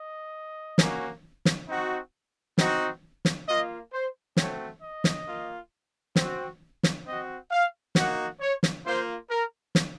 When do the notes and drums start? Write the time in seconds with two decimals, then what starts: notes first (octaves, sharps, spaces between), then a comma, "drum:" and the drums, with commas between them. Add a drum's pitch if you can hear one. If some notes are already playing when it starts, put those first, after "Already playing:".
Already playing: D#5
0.78 A#3 C#4 F#4, drum: snare
1.45 drum: snare
1.68 C4 D#4 F#4
2.58 C4 D#4 F#4, drum: snare
3.25 drum: snare
3.47 A#3 F4 D#5
3.92 C5
4.37 A3 C4 F#4 C#5, drum: snare
4.81 D#5
5.04 drum: snare
5.26 A#3 F4
6.16 C4, drum: snare
6.21 F#4
6.83 drum: snare
7.06 C4 F#4 D#5
7.51 F5
7.95 A#3 D#4 F#4 F#5, drum: snare
8.40 C#5
8.63 drum: snare
8.86 A#3 F4 C5
9.29 A#4
9.75 drum: snare